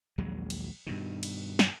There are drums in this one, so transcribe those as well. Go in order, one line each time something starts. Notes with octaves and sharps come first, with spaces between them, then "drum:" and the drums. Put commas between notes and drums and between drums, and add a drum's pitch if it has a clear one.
A#1 D#2 F#3 G#3
drum: cymbal
G2 B2 D#3
drum: cymbal
drum: snare